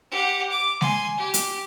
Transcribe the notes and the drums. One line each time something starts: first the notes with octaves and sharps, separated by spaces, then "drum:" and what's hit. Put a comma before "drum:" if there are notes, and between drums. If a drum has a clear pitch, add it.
G4 F#5
D6
G#5 C6, drum: snare G#3
G4
drum: hi-hat